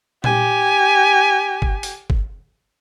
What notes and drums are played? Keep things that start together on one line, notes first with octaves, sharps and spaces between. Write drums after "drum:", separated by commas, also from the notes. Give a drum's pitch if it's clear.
G4 G#5, drum: tom A#2
drum: kick
drum: open hi-hat
drum: kick